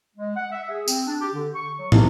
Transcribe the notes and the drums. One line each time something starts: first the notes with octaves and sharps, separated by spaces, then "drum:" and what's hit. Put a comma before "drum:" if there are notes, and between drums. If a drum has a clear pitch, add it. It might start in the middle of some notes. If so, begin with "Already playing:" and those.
G#3
F#5
E5
G#4
C4, drum: tambourine
D4
G4
D3
C#6
F#3
C3, drum: tom